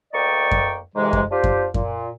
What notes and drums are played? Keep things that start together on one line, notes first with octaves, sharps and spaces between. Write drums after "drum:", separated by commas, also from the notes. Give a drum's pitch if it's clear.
D2 A#3 D5 D#5 G5 C#6
drum: kick F#2
F2 G#2 C3 E3 G#3
drum: kick F#2
D4 F4 G4 C5
drum: kick F#2
A#2, drum: kick F#2